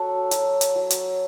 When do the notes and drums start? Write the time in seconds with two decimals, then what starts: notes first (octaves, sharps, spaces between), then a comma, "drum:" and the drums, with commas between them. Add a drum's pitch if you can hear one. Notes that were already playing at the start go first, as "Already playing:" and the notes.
Already playing: F#3 F#4 A4
0.31 F#3, drum: hi-hat
0.61 drum: hi-hat
0.76 F#3
0.90 drum: hi-hat